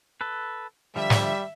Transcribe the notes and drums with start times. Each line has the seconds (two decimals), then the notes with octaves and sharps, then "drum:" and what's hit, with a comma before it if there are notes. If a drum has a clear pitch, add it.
0.21 A4 B4
0.96 D3 F3 G3 E5
1.10 drum: snare